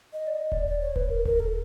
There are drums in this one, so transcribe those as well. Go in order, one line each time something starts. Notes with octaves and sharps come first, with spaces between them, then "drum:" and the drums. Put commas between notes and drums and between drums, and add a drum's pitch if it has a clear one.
D#5
D5
D#5
D5, drum: kick D#1
D5
C#5
B4, drum: kick D#1
A#4
A#4, drum: kick D#1
A4